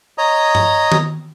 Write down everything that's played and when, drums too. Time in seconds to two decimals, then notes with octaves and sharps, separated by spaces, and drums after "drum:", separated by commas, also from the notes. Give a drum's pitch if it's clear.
0.18 C#5 D#5 A#5 D#6
0.55 drum: tom G2
0.92 drum: tom D#3